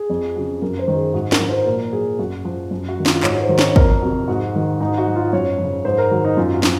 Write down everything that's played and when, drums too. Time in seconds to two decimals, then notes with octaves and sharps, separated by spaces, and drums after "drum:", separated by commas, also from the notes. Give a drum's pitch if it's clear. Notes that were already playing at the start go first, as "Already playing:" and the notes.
Already playing: G#4
0.10 F2
0.36 C#3 F#3
0.62 F#2 A#4
0.79 C5
0.88 D#3 F#3
0.96 G#4
1.14 G#2 F#4
1.32 A#4, drum: snare
1.40 F3
1.49 C5
1.66 A#2 A#4
1.92 F#3 G#4
2.19 F#2 F#4
2.45 F3
2.71 F#2
2.88 F#4
2.97 D#3 F#3
3.06 F4, drum: snare
3.23 G#2 C#5, drum: clap
3.41 C5
3.49 D#3 F#3
3.59 C#5, drum: snare
3.76 F2 A#4, drum: kick
4.02 C3 F#3
4.28 G#2 F#4
4.55 D#3 F#3
4.80 G#2 D#4
4.98 F#4
5.07 F#3
5.16 F4
5.33 F#2 C#5
5.58 C#3 F3
5.85 G#2 C5
5.98 A#4
6.11 D#3 F#3 F#4
6.25 D#4
6.37 F#2 F4
6.54 F#4
6.63 F3, drum: snare